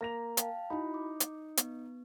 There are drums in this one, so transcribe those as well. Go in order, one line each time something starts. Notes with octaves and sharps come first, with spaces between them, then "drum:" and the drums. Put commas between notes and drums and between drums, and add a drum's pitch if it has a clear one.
A#3 A#5 A#6 F7
F5 G5 A5, drum: hi-hat
D#4 E4 F#4 B5
D6
drum: hi-hat
B3, drum: hi-hat